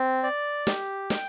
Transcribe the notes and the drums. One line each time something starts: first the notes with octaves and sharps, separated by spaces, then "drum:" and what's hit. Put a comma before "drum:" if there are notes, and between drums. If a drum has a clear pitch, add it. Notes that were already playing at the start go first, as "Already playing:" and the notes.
Already playing: C4
D5
G4, drum: snare
G5, drum: snare